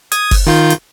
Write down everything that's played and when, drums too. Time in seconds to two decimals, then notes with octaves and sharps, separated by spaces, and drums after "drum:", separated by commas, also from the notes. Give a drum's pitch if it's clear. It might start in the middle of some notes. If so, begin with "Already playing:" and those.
0.12 D#6 G#6, drum: hi-hat
0.31 drum: kick F#1, open hi-hat
0.46 D#3 F4 G6
0.70 drum: hi-hat